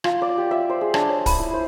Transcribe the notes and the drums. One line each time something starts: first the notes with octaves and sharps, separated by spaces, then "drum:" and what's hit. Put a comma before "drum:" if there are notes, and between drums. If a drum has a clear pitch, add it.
F4, drum: rim click
D5
G4
E5
C5
G#4
D4, drum: rim click
C#5
B5, drum: kick, open hi-hat
E4
C5